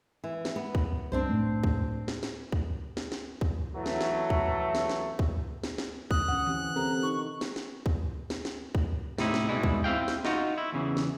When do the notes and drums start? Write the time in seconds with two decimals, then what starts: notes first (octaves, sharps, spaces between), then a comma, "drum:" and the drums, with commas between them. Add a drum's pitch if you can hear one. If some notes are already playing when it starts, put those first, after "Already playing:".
0.24 E3
0.45 drum: snare
0.56 B3
0.75 drum: kick C#2
1.12 C2 F#2 C4 D4 C5
1.30 A2 A3
1.64 drum: kick C#2
2.08 drum: snare
2.23 drum: snare
2.52 drum: kick C#2
2.97 drum: snare
3.12 drum: snare
3.41 drum: kick C#2
3.74 E3 F#3 A3
3.86 drum: snare
4.01 drum: snare
4.30 drum: kick C#2
4.75 drum: snare
4.89 drum: snare
5.19 drum: kick C#2
5.64 drum: snare
5.78 drum: snare
6.11 D3 D#6 F#6, drum: kick C#2
6.28 C#4 F#5
6.46 E3 C4 G4
6.76 C3 A4 A#4 A#5
7.03 D#4 C#6
7.41 drum: snare
7.56 drum: snare
7.86 drum: kick C#2
8.30 drum: snare
8.45 drum: snare
8.75 drum: kick C#2
9.18 A2 C3 D#4 E4, drum: snare
9.34 drum: snare
9.49 G#2 B2 G3 G#3 E4
9.63 drum: kick C#2
9.84 C4 E4 F5 G5
10.08 drum: snare
10.25 D#4 F4 F#4, drum: snare
10.58 E4
10.72 E2 C#3 E3
10.97 drum: snare